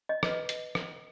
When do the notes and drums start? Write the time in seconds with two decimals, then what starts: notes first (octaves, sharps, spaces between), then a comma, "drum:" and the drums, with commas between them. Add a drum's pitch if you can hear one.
0.09 D#5
0.23 B4, drum: rim click
0.49 drum: hi-hat
0.75 drum: rim click